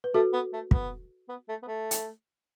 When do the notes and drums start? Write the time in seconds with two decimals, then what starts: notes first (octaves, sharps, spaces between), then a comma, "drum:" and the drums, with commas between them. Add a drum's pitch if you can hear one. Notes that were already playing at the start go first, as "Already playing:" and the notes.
0.04 B4
0.14 A3 F#4 A4
0.33 B3
0.53 A3
0.71 B3, drum: kick
1.29 B3
1.49 A3
1.63 B3
1.67 A3
1.91 drum: hi-hat